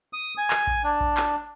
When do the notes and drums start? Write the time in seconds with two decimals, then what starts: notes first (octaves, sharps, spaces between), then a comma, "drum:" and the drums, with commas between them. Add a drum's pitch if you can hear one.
0.13 D#6
0.38 G#5
0.51 drum: clap
0.67 drum: kick A1
0.84 D4
1.00 drum: kick A1
1.17 drum: clap